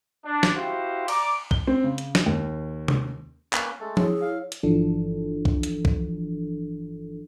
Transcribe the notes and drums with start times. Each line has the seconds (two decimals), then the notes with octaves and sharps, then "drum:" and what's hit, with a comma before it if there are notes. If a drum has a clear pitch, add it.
0.24 D4
0.43 drum: snare
0.54 E4 F#4 G4 C5 F5
1.08 D5 A#5 D6, drum: cymbal
1.51 G7, drum: kick
1.67 C4
1.84 C#3
1.98 drum: hi-hat
2.15 drum: snare
2.26 D#2
2.88 drum: tom C3
3.53 A#3 C#4 B4, drum: clap
3.80 G#3 A3 A4
3.97 E4 G#4 C#5, drum: tom F3
4.21 F5
4.52 drum: hi-hat
4.63 G1 E3 F3 D4 A4
5.45 drum: kick
5.63 drum: hi-hat
5.85 drum: kick